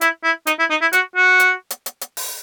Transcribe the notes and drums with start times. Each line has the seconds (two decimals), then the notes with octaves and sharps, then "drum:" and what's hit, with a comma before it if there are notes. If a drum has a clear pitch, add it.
0.01 E4, drum: hi-hat
0.24 E4
0.47 D#4, drum: hi-hat
0.59 E4
0.70 D#4
0.81 E4
0.93 F#4, drum: hi-hat
1.16 F#4
1.40 drum: hi-hat
1.70 drum: hi-hat
1.86 drum: hi-hat
2.01 drum: hi-hat
2.17 drum: open hi-hat